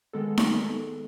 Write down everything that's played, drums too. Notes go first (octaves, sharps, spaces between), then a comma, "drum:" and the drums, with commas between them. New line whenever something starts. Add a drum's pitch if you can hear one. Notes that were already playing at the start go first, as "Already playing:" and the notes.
D#3 G#3 B3 A4
drum: snare D#4